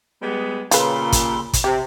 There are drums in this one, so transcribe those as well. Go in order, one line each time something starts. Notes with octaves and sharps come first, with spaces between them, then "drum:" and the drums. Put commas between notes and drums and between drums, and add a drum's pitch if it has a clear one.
G3 G#3 B3
A#2 C#3 G3 F4 A4 B4 C6, drum: hi-hat
drum: kick, hi-hat
drum: kick, hi-hat
C3 G4